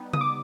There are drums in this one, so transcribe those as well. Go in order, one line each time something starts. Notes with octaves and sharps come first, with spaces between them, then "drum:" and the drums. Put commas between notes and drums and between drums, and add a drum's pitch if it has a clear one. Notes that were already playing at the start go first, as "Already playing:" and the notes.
Already playing: G3 B3 D#4
D#6, drum: tom C#3
D6